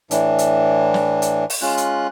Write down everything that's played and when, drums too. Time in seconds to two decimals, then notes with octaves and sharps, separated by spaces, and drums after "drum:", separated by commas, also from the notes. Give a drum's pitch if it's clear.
0.11 A2 E3 D4, drum: hi-hat
0.39 drum: hi-hat
0.94 drum: snare
1.22 drum: hi-hat
1.50 drum: open hi-hat
1.62 G#3 C#4 F4 F#6
1.77 drum: hi-hat